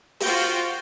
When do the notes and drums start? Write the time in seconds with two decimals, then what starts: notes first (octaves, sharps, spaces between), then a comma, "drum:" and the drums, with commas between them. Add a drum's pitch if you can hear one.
0.20 F4 F#4 C5 G5, drum: open hi-hat